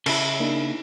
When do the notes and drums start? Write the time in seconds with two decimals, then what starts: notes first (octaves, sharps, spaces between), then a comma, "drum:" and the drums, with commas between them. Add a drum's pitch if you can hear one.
0.06 C#3 E4, drum: cymbal
0.40 A#3 D4 D#4